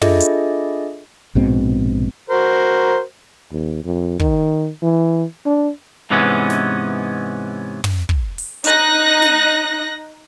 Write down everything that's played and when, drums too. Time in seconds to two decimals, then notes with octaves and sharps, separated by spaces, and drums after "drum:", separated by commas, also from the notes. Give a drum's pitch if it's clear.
0.02 D4 F4 G#4 A4 D#5 E5, drum: tom
0.20 drum: hi-hat
1.35 A#1 G#2 B2 C4
2.30 F#4 A#4 C5
3.52 D#2
3.84 F2
4.20 D#3, drum: kick
4.82 E3
5.46 D4
6.10 G#2 C3 E3 G#3 B3 C#4
6.50 drum: snare
7.84 drum: tom
8.09 drum: kick
8.38 drum: open hi-hat
8.64 D#4 F#6 A#6, drum: hi-hat
9.22 drum: snare